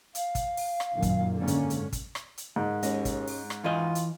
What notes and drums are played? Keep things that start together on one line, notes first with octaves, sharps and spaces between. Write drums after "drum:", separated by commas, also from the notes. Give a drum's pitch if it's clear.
F5, drum: hi-hat
drum: kick, hi-hat
drum: open hi-hat
drum: rim click
F#2 A#2 D#3
drum: kick, hi-hat
G#2 D3 A#3 C#4
drum: hi-hat
drum: hi-hat
drum: kick, hi-hat
drum: rim click
drum: hi-hat
G#2 D#3
D#2 G#3 C#4 D#5, drum: hi-hat
drum: kick, hi-hat
drum: open hi-hat
drum: rim click
F2 E3 F4 D#5 G#5
drum: hi-hat